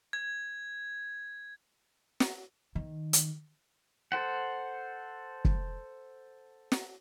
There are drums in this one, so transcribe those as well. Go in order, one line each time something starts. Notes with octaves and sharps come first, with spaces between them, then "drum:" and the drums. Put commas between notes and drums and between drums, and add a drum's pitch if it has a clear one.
G#6
drum: snare
D#3
drum: hi-hat
A4 C5 F#5
drum: kick
drum: snare